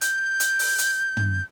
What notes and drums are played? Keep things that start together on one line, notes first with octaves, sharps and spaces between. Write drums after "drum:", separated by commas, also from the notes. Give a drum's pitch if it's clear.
G6, drum: hi-hat
drum: hi-hat
drum: open hi-hat
drum: hi-hat
drum: tom